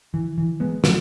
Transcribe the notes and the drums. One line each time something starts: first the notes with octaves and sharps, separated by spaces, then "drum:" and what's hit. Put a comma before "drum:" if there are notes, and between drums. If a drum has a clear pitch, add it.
E3
E3
G#3 B3
F#3 A3, drum: snare